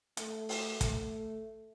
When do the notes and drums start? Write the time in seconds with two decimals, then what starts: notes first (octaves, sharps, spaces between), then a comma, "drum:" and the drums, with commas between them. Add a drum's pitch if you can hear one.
0.17 A3, drum: hi-hat
0.49 drum: open hi-hat
0.81 A3, drum: kick, hi-hat